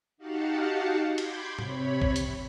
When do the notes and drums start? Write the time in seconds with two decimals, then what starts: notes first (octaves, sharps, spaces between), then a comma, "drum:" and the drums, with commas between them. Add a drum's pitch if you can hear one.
0.18 D#4 F#4 G4 F5 F#5 A5
1.18 B5 C6 D6 G6 G#6, drum: cymbal
1.59 C3 C#5 B5, drum: tom
2.02 drum: kick A1
2.16 drum: hi-hat